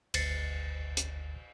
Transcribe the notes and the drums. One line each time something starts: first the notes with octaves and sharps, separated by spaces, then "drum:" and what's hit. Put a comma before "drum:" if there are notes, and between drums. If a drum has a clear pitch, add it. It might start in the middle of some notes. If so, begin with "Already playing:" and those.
G1 D2 A6 C7 C#7, drum: cymbal
drum: hi-hat